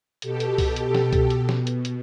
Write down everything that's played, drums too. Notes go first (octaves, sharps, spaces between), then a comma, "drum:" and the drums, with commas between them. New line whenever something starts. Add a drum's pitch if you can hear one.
B2 G4 A4, drum: hi-hat
drum: hi-hat
drum: kick C2, open hi-hat
drum: hi-hat
drum: snare
drum: kick C2, hi-hat
B2, drum: hi-hat
drum: snare
drum: hi-hat
drum: hi-hat